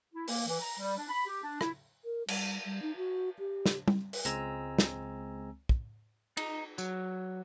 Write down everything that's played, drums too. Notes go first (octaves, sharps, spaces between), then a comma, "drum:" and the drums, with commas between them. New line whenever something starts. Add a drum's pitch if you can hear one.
E4
A#3, drum: open hi-hat
E3
A#5
G3
D4
B5
G4
D4
E4, drum: rim click
A#4
G3, drum: cymbal
G3
D#4
F#4
G4
drum: snare
drum: tom G3
drum: open hi-hat
C#2 G#3 C4 G#5 A#5 E6, drum: hi-hat
drum: snare
drum: kick
D#4, drum: cymbal
F#3, drum: tambourine